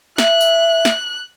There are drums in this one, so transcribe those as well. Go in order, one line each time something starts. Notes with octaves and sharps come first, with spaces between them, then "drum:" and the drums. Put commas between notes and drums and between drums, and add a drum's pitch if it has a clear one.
E5 F#6, drum: snare
drum: tambourine
drum: snare